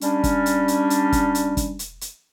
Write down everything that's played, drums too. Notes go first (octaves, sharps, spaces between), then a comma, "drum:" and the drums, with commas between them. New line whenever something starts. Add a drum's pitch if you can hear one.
G3 C#4 D4, drum: hi-hat
drum: kick, hi-hat
drum: hi-hat
drum: hi-hat
drum: hi-hat
drum: kick, hi-hat
drum: hi-hat
drum: kick, hi-hat
drum: hi-hat
drum: hi-hat